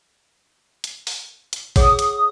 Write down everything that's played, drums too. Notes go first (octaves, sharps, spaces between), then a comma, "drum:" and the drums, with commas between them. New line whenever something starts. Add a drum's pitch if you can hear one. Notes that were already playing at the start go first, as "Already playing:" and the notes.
drum: hi-hat
drum: open hi-hat
drum: hi-hat
G#4 C#5 F#5 D#6, drum: kick A1, open hi-hat
drum: hi-hat